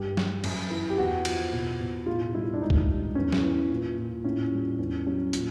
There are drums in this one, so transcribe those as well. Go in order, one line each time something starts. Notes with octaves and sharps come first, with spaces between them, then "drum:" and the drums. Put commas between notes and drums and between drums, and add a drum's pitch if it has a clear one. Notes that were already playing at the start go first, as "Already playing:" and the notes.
Already playing: G2 G4
G3, drum: snare
F#2, drum: cymbal
E3
G4
E2 F#4
F3, drum: cymbal
B2
B2
A2 F4
G3 E4
D4
G#2 D#4
drum: kick C2
G3
E2 C#4
drum: snare
E3
A#2
A#2
A2 C#4
G3
E2 C#4
F#3 C#4
A#2, drum: hi-hat